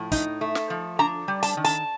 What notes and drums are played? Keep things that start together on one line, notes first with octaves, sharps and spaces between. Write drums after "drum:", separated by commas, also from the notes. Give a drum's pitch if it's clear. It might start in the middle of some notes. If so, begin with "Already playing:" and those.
Already playing: A2 F3
D#4, drum: kick, hi-hat
A3
drum: snare
F3
D4 A#5
G3
A5, drum: hi-hat
D#3
A5, drum: hi-hat